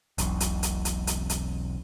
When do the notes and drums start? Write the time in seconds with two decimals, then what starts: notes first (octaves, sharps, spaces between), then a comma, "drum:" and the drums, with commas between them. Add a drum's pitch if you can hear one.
0.18 E1 B1, drum: hi-hat
0.40 drum: hi-hat
0.63 drum: hi-hat
0.85 drum: hi-hat
1.07 drum: hi-hat
1.30 drum: hi-hat